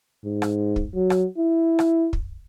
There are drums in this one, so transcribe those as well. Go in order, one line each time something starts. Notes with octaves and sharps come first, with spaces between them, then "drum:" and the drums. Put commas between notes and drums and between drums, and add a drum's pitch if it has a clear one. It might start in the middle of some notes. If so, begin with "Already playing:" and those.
G#2
drum: rim click
drum: kick
F#3
drum: rim click
E4
drum: rim click
drum: kick